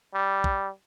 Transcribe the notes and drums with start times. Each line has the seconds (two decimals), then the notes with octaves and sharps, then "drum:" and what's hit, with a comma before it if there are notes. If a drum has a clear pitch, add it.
0.15 G3
0.44 drum: kick